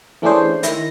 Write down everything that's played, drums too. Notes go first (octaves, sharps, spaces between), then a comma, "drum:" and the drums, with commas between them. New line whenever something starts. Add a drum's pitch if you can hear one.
E3 A3 C#4 D4 G#4 C5
D#3 E4 A#6, drum: hi-hat